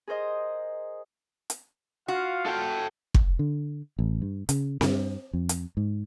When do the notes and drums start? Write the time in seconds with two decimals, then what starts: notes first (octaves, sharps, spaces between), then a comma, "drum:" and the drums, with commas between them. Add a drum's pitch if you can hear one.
0.07 G#4 A#4 C5 D#5
1.50 drum: hi-hat
2.08 F4 F#4 F5
2.46 A4 G5
3.14 drum: kick
3.39 D3
3.99 A1
4.22 G2
4.49 C#3, drum: hi-hat
4.81 G2, drum: snare C4
5.33 F2
5.49 drum: hi-hat
5.77 G#2